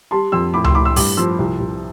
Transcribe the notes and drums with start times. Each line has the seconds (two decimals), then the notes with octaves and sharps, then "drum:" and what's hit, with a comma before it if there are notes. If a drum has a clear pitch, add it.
0.11 G3 A5 C6
0.32 F2 C6 E6
0.54 A2 B5 D6
0.64 C6 E6, drum: tom C#2
0.75 A2 B5 D6
0.85 C6 E6
0.96 G2 B5 D6, drum: open hi-hat
1.17 F3 C6 E6
1.39 C2
1.60 C2